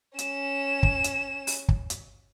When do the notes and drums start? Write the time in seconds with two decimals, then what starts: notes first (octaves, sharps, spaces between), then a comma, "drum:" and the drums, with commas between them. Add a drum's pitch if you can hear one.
0.19 C#4 E7, drum: hi-hat
0.83 drum: kick
1.04 drum: hi-hat
1.47 drum: open hi-hat
1.68 drum: kick
1.90 drum: hi-hat